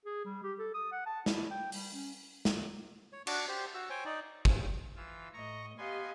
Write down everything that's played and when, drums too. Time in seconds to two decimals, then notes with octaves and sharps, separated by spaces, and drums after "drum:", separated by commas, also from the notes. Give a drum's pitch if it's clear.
0.06 G#4
0.25 G3
0.43 G4
0.59 A4
0.74 D#6
0.92 F#5
1.06 A5
1.26 E4, drum: snare
1.51 G5
1.72 G3, drum: open hi-hat
1.94 C#4
2.45 drum: snare
3.12 C#5
3.27 D4 F#4 C#6 D6, drum: cymbal
3.48 G4 C5
3.74 F#4 E6
3.90 C5 C#5 G5 G#5
4.05 D#4 D5
4.45 drum: kick
4.96 E3 F4 E6
5.33 A2 D#5 A#5 C#6
5.78 B3 G4 D#5 F5 G#5 C6